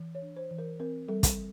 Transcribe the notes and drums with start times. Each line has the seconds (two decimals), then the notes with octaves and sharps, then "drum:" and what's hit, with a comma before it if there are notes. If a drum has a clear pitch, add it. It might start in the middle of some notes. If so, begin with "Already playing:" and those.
Already playing: E3
0.15 C#5
0.22 D4
0.37 C5
0.51 E3
0.58 A#4
0.80 C4 A#4
1.08 G3 A4
1.23 drum: kick, hi-hat